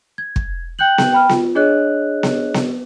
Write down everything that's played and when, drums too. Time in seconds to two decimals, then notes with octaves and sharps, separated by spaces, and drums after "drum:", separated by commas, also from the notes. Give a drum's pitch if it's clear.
0.18 G#6
0.36 drum: kick
0.79 G5 F#6 G6 F#7
0.98 drum: snare B3
1.13 G5 B5 F6
1.29 F4, drum: snare B3
1.55 D4 G#4 C#5 D#5 F#6
2.23 drum: snare B3
2.54 drum: snare B3